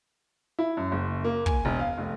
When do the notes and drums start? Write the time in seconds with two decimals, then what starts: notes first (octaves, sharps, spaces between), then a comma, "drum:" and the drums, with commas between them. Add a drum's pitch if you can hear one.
0.59 E4
0.77 F#2
0.92 F#1
1.24 A#3
1.46 G#5, drum: kick
1.65 E1
1.79 F5
1.98 F1